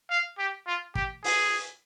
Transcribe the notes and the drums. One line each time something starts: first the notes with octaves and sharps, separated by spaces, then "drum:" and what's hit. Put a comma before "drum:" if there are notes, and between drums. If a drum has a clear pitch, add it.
F5
G4
F4
G4, drum: kick
G#4, drum: open hi-hat